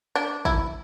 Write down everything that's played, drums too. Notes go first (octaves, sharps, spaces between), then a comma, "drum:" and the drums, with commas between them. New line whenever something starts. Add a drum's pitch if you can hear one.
D4
E4, drum: kick